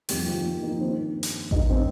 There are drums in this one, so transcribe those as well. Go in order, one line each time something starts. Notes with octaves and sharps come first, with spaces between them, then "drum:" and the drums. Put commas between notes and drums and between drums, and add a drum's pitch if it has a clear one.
F2 C3 D#3 G3 G4, drum: open hi-hat
F3 F4
A#3
D#3 D#4
G2 D#3 C4 C5
drum: hi-hat
G2 D#3 D#4 D#5, drum: kick A1
C4 C5